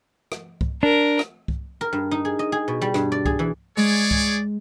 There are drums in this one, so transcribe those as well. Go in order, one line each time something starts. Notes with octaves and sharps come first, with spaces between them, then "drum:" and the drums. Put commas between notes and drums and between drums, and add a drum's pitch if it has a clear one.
drum: rim click
drum: kick C2
D4 A#4
drum: rim click
drum: kick C2
A#4
G2
D#4
G#4
D#5
G#4
B2
G3
G2, drum: rim click
D5
G#4, drum: kick C2
E3
G#3 G#4 C#5 D5
drum: kick C2